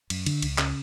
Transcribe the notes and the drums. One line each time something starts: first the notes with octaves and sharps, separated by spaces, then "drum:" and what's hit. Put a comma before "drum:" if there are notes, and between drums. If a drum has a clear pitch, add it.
F#2, drum: cymbal
D3, drum: cymbal
C#2, drum: cymbal
C#3, drum: clap